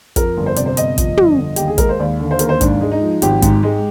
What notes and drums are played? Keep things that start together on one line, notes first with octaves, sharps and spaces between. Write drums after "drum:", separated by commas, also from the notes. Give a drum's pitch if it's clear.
F2 A#4, drum: kick, hi-hat
G1
C5
C3 D5, drum: hi-hat
C5
G1 D#5, drum: hi-hat
F2, drum: kick, hi-hat
G1, drum: tom
D3
D#2 G4, drum: hi-hat
G#4
G#3 A#4, drum: kick, hi-hat
C5
D#2 D5
D3
C5
D#2 A#4, drum: hi-hat
C5
G#2 D4, drum: kick, hi-hat
G#3
D#4
F3
G#1 G4, drum: hi-hat
G#2, drum: kick, hi-hat
G#3